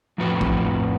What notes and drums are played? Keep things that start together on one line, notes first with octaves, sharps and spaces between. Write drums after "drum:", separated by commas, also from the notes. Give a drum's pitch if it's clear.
F2 A2 F3 F#4 B4
drum: kick